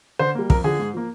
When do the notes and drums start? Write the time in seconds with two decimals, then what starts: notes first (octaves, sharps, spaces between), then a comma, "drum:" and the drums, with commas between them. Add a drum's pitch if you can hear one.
0.19 D3 C5
0.35 G3 A#3
0.50 F2 A#4, drum: kick
0.64 D3 F3 G#4
0.79 G#2
0.94 F3 A#3